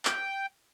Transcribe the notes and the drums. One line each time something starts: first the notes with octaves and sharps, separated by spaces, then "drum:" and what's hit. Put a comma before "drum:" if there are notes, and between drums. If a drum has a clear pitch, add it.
G5, drum: clap